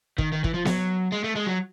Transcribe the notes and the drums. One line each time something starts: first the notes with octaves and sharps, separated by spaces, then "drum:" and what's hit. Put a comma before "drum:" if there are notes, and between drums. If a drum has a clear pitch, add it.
D#3, drum: kick
D#3
E3, drum: kick
F3
F#3, drum: snare B3
G#3
A3
G#3
F#3